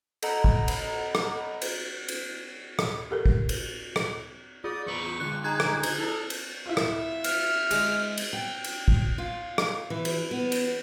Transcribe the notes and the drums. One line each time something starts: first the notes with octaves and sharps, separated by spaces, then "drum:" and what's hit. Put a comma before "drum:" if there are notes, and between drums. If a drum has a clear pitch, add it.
A4 D#5 F#5 A#5 B5, drum: cymbal
drum: kick
drum: cymbal
drum: rim click
drum: cymbal
drum: cymbal
drum: rim click
G4 A4 A#4
drum: kick
drum: cymbal
drum: rim click
F4 G#4 D5 D#6
E2 B4 A#5 C#6
D3 F4 F#6
D#4 G#4 A#5 F#6 G#6
drum: rim click
drum: cymbal
E4 A4 F6
drum: cymbal
E4 F4 E5
drum: rim click
F6, drum: cymbal
G#3, drum: cymbal
drum: cymbal
G5
drum: cymbal
drum: kick
F4
drum: rim click
E3
drum: cymbal
B3
drum: cymbal